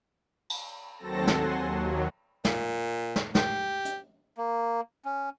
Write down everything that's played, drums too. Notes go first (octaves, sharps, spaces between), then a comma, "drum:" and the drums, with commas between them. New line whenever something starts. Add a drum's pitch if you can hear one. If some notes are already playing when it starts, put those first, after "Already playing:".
drum: cymbal
D#2 F#3 C4 A4 A5 A#6
F#5 G#5 C6, drum: snare
D#2 F#3
A#2, drum: snare
drum: snare
G4, drum: snare
drum: hi-hat
A#3
C#4